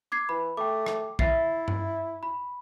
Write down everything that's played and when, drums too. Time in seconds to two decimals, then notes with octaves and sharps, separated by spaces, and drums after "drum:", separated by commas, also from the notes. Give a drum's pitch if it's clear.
0.12 D6 G#6 C7
0.29 E3 B5
0.57 A3 G5 D6
0.86 drum: rim click
1.19 E4 E5 A6 C7, drum: kick
1.68 drum: tom G2
2.23 B5